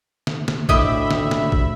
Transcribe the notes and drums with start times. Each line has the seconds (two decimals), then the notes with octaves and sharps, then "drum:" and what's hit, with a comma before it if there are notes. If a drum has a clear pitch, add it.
0.27 drum: snare
0.48 drum: snare
0.69 D2 A2 G4 D#5 E5 G5 B5, drum: kick
1.11 drum: snare
1.31 drum: snare
1.52 drum: kick